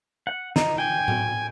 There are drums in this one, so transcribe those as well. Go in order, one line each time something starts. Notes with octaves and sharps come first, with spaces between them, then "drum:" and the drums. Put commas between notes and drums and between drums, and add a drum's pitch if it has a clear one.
F#5
D#4, drum: snare
G5 G#5
drum: tom A2